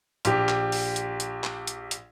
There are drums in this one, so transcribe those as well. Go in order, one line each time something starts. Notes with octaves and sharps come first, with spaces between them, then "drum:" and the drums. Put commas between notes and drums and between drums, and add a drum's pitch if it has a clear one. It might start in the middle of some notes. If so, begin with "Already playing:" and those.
A#1 G4, drum: hi-hat
drum: clap
drum: open hi-hat
drum: hi-hat
drum: hi-hat
drum: clap
drum: hi-hat
drum: hi-hat